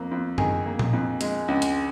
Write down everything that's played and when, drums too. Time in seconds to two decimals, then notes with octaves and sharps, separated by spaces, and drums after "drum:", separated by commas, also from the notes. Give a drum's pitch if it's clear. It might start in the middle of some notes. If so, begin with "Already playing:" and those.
Already playing: F2 A#3
0.11 F2
0.38 D#3 G#4, drum: tom F#2
0.66 A#3
0.79 drum: tom A#2
0.93 F2
1.21 G#3, drum: hi-hat
1.48 C#2
1.62 drum: hi-hat